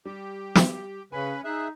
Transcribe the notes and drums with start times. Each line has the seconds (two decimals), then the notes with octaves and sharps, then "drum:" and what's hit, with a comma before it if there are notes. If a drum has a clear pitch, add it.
0.05 G3 G4
0.55 drum: snare
1.12 C#3 C#4 B4 G#5 B5
1.44 D#4 G#4 E5 F#6